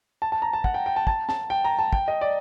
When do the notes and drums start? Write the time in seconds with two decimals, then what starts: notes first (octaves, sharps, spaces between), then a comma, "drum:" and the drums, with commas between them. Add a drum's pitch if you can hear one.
0.22 A5
0.32 A5
0.42 A#5
0.53 A5
0.64 F#5, drum: kick
0.74 G5
0.86 G5
0.96 A5
1.07 A5, drum: kick
1.29 A5, drum: snare
1.50 G5
1.65 A#5
1.79 A5
1.93 G5, drum: kick
2.08 D#5
2.21 D5